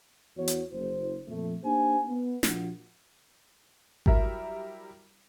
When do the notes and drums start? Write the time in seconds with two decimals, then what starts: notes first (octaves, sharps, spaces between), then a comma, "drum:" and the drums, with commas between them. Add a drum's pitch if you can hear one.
0.37 E2 F#4 C#5
0.48 drum: hi-hat
0.72 F#1 C5
1.28 F2 A#2 F3 A3
1.64 A#3 D4 D#4 G4 C5 G#5
2.07 B3
2.43 A#1 F4 F#4, drum: snare
4.06 F#3 G3 E4 A#4 E5, drum: kick G#1